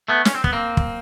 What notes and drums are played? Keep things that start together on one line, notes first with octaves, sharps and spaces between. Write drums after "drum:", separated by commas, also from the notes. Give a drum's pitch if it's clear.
A3 B3
C#4, drum: snare
C4
B3, drum: kick
A#3 C4
drum: kick